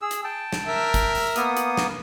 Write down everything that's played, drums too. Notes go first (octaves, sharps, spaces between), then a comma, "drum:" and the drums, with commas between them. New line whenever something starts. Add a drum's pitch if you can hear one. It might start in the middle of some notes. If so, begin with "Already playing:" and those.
G#4 E6
drum: hi-hat
G5 A5
drum: snare
A#4 E5
drum: kick, hi-hat
drum: open hi-hat
A#3 B3 D#6, drum: hi-hat
drum: hi-hat
drum: snare